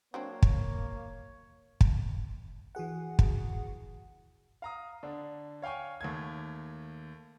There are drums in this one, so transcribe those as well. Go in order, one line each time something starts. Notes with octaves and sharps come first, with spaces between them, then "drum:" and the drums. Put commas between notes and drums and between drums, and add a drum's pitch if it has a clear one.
F#3 A#3 C4 D4 C#5
drum: kick
drum: kick
E3 F#4 G#4 F#5
drum: kick
F5 A#5 D#6
D3 D4
C#5 F5 G5 G#5 C#6
D#2 A3 G#6